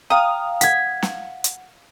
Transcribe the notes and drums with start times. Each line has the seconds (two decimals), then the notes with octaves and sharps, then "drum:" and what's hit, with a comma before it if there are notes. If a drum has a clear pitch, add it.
0.10 F5 G5 A#5 D#6
0.61 F#5 G#6 B6, drum: hi-hat
1.03 drum: snare
1.44 drum: hi-hat